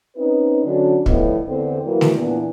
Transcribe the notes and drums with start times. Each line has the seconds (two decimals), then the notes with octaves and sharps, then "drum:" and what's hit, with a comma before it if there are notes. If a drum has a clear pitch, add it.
0.16 C4 C#4 D#4 B4
0.63 D3 F#3 C#4 D4
1.06 E2 A2 D3 F3 B3 D#5, drum: kick
1.47 E2 D3 C4
1.84 E3 F#3 A#3
2.01 drum: snare A3
2.14 E2 A#2 E3 B3 D4